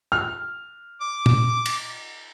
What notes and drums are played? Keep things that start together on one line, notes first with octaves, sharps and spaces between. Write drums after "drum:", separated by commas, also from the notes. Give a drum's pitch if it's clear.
F6
D6
drum: tom
drum: cymbal